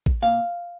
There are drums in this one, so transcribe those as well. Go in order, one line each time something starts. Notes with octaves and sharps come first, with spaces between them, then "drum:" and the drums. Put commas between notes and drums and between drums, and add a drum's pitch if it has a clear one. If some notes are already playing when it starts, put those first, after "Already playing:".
drum: kick A1
A#2 F5